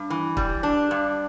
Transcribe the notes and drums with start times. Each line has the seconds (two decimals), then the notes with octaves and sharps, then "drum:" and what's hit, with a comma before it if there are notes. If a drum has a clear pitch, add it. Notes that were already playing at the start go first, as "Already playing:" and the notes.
Already playing: G2
0.10 E3
0.37 G3, drum: kick
0.63 D4
0.91 G2